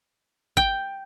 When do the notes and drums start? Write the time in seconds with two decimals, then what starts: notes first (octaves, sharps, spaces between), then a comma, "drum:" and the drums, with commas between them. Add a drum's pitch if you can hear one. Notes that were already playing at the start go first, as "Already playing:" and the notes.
0.57 G5, drum: kick G#1